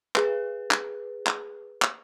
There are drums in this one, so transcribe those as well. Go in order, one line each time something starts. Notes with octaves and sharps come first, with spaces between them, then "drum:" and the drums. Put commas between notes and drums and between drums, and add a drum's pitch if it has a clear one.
G#4 B4, drum: clap
drum: clap
drum: clap
drum: clap